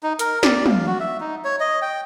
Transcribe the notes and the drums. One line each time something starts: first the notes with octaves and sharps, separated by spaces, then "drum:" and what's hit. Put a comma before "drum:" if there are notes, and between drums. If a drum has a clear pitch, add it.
D#4
A#4, drum: hi-hat
D5, drum: snare
F5, drum: tom
F#4
E5
D#4
C#5
D#5
G5